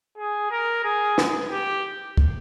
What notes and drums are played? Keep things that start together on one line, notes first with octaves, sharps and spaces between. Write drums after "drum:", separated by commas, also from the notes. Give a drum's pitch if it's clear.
G#4
A#4
G#4
drum: snare
G4
drum: kick